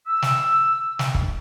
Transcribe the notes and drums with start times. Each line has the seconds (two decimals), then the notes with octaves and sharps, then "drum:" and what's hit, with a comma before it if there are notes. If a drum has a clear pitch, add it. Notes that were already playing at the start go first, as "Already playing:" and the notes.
0.07 E6
0.22 drum: snare
0.99 drum: snare
1.15 drum: kick C#1